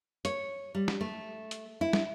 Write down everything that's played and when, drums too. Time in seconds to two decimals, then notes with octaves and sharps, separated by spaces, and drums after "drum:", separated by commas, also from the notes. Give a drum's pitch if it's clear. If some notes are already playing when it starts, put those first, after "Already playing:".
0.25 C#5, drum: hi-hat
0.75 G3
0.88 drum: snare
1.01 A3
1.51 drum: hi-hat
1.81 E4
1.93 drum: snare